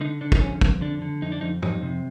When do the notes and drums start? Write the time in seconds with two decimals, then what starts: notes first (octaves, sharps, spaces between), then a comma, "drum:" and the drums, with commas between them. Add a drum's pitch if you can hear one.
0.01 D3 D#4
0.21 D3 D4
0.32 D#4, drum: kick
0.41 F2 C#4
0.61 F2, drum: kick
0.81 D3 D4
1.02 D3
1.22 F2 D#4
1.32 D4
1.41 F2 D#4
1.62 F2 D#4, drum: tom
1.82 C3